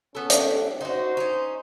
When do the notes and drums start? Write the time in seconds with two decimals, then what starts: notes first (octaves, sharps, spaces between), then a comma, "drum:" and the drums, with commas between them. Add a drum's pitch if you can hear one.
0.15 B3 C#4 A4
0.30 drum: hi-hat
0.81 D#4 F#4 C5
1.17 C#4 D#4